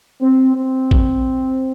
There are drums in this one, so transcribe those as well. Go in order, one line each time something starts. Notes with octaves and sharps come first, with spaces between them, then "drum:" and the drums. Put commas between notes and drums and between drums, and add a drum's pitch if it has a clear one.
C4
C4
drum: kick A1